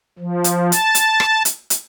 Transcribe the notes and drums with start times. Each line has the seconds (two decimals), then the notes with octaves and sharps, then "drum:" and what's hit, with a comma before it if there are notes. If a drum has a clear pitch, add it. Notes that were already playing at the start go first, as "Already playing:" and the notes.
0.19 F3
0.44 drum: hi-hat
0.72 A5, drum: hi-hat
0.95 drum: hi-hat
1.20 drum: rim click
1.45 drum: hi-hat
1.70 drum: hi-hat